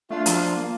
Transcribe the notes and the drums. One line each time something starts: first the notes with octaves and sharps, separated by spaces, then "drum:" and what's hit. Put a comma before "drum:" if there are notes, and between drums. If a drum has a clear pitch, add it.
A3 D4 F4
F3, drum: hi-hat
A#3